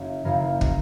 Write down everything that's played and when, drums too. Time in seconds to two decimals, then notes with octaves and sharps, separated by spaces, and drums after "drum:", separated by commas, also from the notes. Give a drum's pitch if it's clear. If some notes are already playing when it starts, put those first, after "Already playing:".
Already playing: F#1 F#2 C#4
0.24 F#1 F#2 C#3 F#3 A#4
0.61 C#3 F#3 A#4, drum: kick